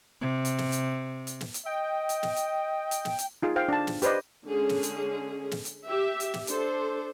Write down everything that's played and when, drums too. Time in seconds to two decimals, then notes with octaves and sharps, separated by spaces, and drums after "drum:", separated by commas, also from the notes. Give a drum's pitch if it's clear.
0.21 C3
0.45 drum: hi-hat
0.58 drum: snare
0.72 drum: hi-hat
1.27 drum: hi-hat
1.41 drum: snare
1.54 drum: hi-hat
1.66 D#5 G5
2.09 drum: hi-hat
2.23 drum: snare
2.36 drum: hi-hat
2.91 drum: hi-hat
3.05 drum: snare
3.19 drum: hi-hat
3.42 D#4 F4 G#4
3.56 C5 F5 G5
3.69 D4 A5
3.87 drum: snare
4.02 G4 B4 C5 D5 D#5, drum: hi-hat
4.47 D3 G#3 C#4 G#4
4.69 drum: snare
4.83 drum: hi-hat
5.51 drum: snare
5.65 drum: hi-hat
5.87 G4 E5
6.20 drum: hi-hat
6.34 drum: snare
6.47 D4 A4 C5, drum: hi-hat